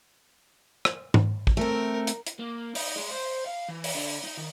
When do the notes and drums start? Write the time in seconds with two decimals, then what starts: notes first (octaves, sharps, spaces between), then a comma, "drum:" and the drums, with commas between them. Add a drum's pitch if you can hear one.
0.85 drum: rim click
1.14 drum: tom G#2
1.47 drum: kick
1.57 A3 C4 A#4
2.07 drum: hi-hat
2.27 drum: hi-hat
2.39 A#3
2.75 D#4, drum: open hi-hat
2.96 G#3
3.11 C5
3.46 F5
3.69 E3
3.84 drum: open hi-hat
3.95 D3
4.24 D#4
4.38 D#3